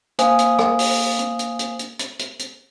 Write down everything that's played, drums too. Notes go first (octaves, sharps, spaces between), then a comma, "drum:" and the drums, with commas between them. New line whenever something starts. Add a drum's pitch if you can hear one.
A#3 C5 F5 G#5 D#6, drum: hi-hat
drum: hi-hat
drum: rim click
drum: open hi-hat
drum: hi-hat
drum: hi-hat
drum: hi-hat
drum: hi-hat
drum: hi-hat
drum: hi-hat
drum: hi-hat